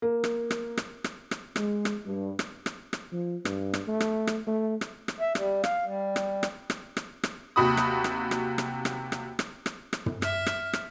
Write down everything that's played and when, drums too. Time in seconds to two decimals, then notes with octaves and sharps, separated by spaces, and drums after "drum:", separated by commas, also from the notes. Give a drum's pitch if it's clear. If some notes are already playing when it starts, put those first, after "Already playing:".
0.02 A#3
0.24 drum: rim click
0.51 drum: rim click
0.77 drum: rim click
1.04 drum: rim click
1.31 drum: rim click
1.56 G#3, drum: rim click
1.85 drum: rim click
2.05 G2
2.39 drum: rim click
2.66 drum: rim click
2.93 drum: rim click
3.13 F3
3.45 G2, drum: rim click
3.74 drum: rim click
3.88 A3
4.00 drum: rim click
4.27 drum: rim click
4.47 A3
4.81 drum: rim click
5.08 drum: rim click
5.20 E5
5.35 G3, drum: rim click
5.64 F5, drum: rim click
5.85 G3
6.16 drum: rim click
6.43 drum: rim click
6.70 drum: rim click
6.97 drum: rim click
7.23 drum: rim click
7.56 D#2 C3 F#4 B5 D#6
7.77 drum: rim click
8.04 drum: rim click
8.31 drum: rim click
8.58 drum: rim click
8.85 drum: rim click
9.12 drum: rim click
9.39 drum: rim click
9.66 drum: rim click
9.93 drum: rim click
10.06 drum: tom
10.22 E5 F6, drum: rim click
10.46 drum: rim click
10.73 drum: rim click